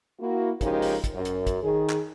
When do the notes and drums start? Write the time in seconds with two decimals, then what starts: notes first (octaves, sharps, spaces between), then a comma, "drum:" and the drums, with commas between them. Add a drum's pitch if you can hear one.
0.20 A#3 E4 F#4
0.61 C#3 F3 G#3 D#4 G4 A#4, drum: kick, hi-hat
0.82 drum: open hi-hat
1.04 drum: kick, hi-hat
1.14 F#2
1.25 drum: hi-hat
1.47 drum: kick, hi-hat
1.63 D#3 G#4
1.90 drum: clap